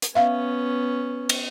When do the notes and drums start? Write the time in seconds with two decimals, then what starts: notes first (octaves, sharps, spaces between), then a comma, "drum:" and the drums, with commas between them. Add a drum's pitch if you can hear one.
0.02 drum: hi-hat
0.15 B3 C#4 E5 F5
1.29 drum: cymbal